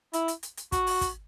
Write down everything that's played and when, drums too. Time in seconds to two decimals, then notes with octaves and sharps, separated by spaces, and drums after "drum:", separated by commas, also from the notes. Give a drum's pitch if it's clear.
0.13 E4, drum: hi-hat
0.28 drum: hi-hat
0.43 drum: hi-hat
0.57 drum: hi-hat
0.72 F#4, drum: kick, hi-hat
0.87 drum: open hi-hat
1.01 drum: kick, hi-hat